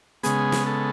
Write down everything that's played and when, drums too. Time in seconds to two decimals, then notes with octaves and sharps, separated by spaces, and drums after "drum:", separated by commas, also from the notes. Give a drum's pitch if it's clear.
0.23 C#3 G#3 B3 G#4, drum: hi-hat
0.52 drum: snare
0.66 A4